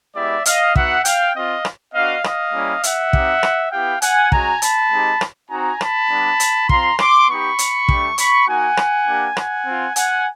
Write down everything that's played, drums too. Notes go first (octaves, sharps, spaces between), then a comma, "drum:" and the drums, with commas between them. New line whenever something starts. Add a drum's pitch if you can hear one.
G#3 B3 E4 G4 D5 E5
D#5 F5, drum: hi-hat
B3 D#4 F#4 E5 F#5, drum: kick
F5 G5, drum: hi-hat
C4 F4 D#5 F5
drum: rim click
B3 D4 F#4 D#5 F5
D#5 F5, drum: rim click
G3 A#3 C#4 E4
E5 F#5, drum: hi-hat
C4 D#4 G4, drum: kick
drum: rim click
B3 E4 G4 F5 G5
F#5 G#5, drum: hi-hat
G#3 C#4 F#4 G#5 A#5, drum: kick
A5 B5, drum: hi-hat
G#3 C4 D#4 G4
drum: rim click
C4 D#4 F#4 G#5 A#5
A5 B5, drum: rim click
G3 B3 D4
drum: hi-hat
C4 F4 A#5 C6, drum: kick
C6 D6, drum: rim click
B3 D#4 G4 B5 C#6
drum: hi-hat
A3 D4 G4, drum: kick
B5 C#6, drum: hi-hat
A#3 D#4 F#4 F#5 G#5
drum: rim click
A#3 D4 G4
F#5 G#5, drum: rim click
C4 F4
F#5 G#5, drum: hi-hat